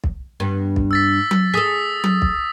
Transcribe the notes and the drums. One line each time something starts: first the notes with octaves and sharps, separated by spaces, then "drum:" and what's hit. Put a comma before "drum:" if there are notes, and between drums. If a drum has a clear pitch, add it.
drum: kick
G2 B3
drum: kick
E6 A6 B6
drum: tom F#3
G#4 A4 D#6 A6 B6
drum: tom F#3
drum: kick